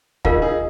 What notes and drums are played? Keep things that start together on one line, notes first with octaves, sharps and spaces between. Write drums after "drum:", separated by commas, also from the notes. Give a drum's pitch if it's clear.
D#4 F4 G#4 A#4 F5, drum: kick
D#4 G#4